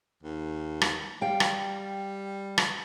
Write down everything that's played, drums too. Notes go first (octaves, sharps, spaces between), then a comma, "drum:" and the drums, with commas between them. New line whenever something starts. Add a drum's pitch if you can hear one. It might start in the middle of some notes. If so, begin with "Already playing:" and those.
D#2
drum: rim click
G3 F5 G5
drum: rim click
drum: rim click